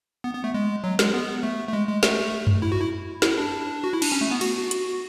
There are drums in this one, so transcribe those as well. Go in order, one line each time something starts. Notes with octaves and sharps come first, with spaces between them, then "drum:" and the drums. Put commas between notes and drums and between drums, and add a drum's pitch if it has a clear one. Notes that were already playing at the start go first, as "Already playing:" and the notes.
B3
B3
A3
G#3
F#3
G#3, drum: snare
B3
A3
A3
G#3
G#3
A3, drum: snare
drum: tom F#2
E4
F#4
E4
E4, drum: snare
D4
F#4
E4
D4, drum: cymbal
C#4
A3
B3
F#4, drum: cymbal
F#4
F#4, drum: hi-hat